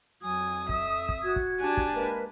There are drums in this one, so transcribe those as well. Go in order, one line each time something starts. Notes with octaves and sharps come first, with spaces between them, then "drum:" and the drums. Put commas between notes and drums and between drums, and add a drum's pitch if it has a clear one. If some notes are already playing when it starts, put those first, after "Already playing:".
F2 F#3 G#5 D#6
E5, drum: kick
drum: kick
F#4 G#6
drum: kick
D4 G4 G#5 A5
drum: kick
G#3 A#3 A#4 B4